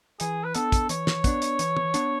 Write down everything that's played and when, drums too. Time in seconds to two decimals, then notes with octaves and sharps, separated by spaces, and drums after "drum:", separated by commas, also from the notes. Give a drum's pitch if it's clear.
0.20 E3 G#4, drum: hi-hat
0.44 B4
0.55 B3 D4 A4, drum: hi-hat
0.72 drum: kick, hi-hat
0.89 E3 C#5, drum: hi-hat
1.07 drum: snare
1.24 B3 D4, drum: kick, hi-hat
1.42 drum: hi-hat
1.59 E3, drum: hi-hat
1.77 drum: tom
1.94 B3 D4, drum: hi-hat